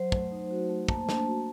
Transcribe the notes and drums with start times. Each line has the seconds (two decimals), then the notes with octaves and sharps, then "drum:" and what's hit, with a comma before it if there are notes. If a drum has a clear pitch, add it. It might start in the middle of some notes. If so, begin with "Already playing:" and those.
Already playing: F#3 C5
0.12 A3, drum: kick
0.32 D#4
0.51 F#4
0.69 A3
0.88 A#3 A5, drum: kick
1.09 D4, drum: snare
1.27 F#4